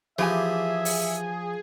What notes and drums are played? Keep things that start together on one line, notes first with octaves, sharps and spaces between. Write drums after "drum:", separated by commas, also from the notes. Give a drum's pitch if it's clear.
E3 F3 G4 G#4 E5 G#5
drum: open hi-hat